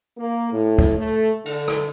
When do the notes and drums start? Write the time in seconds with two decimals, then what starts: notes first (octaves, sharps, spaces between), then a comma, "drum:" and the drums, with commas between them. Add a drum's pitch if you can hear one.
0.18 A#3
0.52 A2
0.79 drum: kick
0.97 A3
1.45 D3, drum: cymbal
1.68 drum: rim click